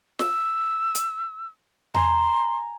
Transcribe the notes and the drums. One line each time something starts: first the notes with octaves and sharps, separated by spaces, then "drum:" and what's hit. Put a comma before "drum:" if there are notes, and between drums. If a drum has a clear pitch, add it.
E6, drum: snare
drum: hi-hat
G#5 A#5 C6, drum: tom E2